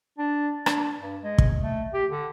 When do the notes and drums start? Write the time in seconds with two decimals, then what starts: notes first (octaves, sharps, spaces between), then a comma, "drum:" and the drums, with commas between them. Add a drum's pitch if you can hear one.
0.18 D4
0.66 D4, drum: rim click
1.00 G2
1.23 G#3
1.38 drum: kick
1.62 A3
1.94 G4
2.10 D3